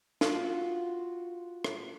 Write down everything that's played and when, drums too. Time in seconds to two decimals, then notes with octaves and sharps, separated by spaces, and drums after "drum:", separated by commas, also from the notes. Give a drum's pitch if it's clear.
0.21 F4 F#4, drum: snare
1.64 drum: rim click